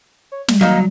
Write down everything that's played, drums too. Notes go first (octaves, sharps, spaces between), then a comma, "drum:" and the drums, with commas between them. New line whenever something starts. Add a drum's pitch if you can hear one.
C#5
G3, drum: snare
F#3 A#3 D#4 A#5